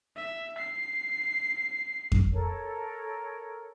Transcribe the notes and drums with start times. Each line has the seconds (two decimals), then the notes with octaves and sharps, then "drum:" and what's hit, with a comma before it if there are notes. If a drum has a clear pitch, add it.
0.16 E5
0.58 C7
2.12 drum: kick F2
2.32 A4 A#4 C#5